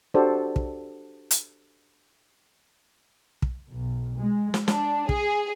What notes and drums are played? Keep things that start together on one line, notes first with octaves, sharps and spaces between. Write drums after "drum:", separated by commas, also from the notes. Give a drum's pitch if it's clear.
D4 F#4 G4 A4 C5 D5
drum: kick
drum: hi-hat
drum: kick
B1
G#3
drum: snare
D4, drum: snare
G#4, drum: kick